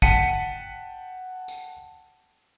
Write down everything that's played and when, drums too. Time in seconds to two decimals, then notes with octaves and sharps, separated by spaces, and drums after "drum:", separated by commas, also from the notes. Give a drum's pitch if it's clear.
0.02 F#5 G5 A5 B6 C#7 D#7, drum: kick
1.48 drum: tambourine